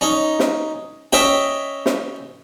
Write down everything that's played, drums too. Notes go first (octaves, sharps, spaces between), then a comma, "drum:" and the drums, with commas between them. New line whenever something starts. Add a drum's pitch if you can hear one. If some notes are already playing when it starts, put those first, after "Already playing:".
C#4 D#4
drum: snare
C#4 D#5 E5 G5, drum: snare
drum: snare